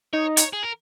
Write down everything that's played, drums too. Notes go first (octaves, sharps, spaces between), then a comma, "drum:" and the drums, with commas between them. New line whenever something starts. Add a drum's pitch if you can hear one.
D#4 C#5
C#5, drum: hi-hat
G#4
A#4